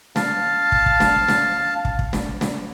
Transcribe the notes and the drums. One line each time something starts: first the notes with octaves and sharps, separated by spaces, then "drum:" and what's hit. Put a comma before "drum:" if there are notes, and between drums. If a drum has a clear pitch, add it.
F5 A5, drum: snare
drum: kick
drum: kick
drum: snare
drum: snare
drum: kick
drum: kick
drum: snare
drum: snare